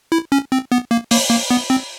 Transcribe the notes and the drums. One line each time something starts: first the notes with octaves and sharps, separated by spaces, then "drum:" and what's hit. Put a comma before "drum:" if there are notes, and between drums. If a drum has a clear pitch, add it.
E4
C#4
C4
B3
A#3
A#3, drum: open hi-hat
A#3
B3
C4